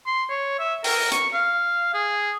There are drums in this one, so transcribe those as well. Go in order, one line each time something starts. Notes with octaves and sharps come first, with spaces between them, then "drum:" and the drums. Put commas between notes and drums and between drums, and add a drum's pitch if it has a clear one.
C6
C#5
E5
A#4, drum: open hi-hat
C#6, drum: hi-hat
F5
G#4